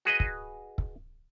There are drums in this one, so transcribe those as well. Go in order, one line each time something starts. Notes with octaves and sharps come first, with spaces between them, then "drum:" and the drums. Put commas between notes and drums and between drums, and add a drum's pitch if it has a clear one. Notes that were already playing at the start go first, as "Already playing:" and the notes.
F#4 G#4 B4 D#5
drum: kick
drum: kick